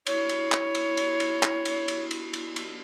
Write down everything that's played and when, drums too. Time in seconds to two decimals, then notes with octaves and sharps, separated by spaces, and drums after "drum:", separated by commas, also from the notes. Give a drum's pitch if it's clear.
0.07 E4 C#5, drum: cymbal
0.29 drum: cymbal
0.52 drum: clap
0.75 drum: cymbal
0.97 drum: cymbal
1.20 drum: cymbal
1.43 drum: clap
1.65 drum: cymbal
1.88 drum: cymbal
2.11 drum: cymbal
2.33 drum: cymbal
2.56 drum: cymbal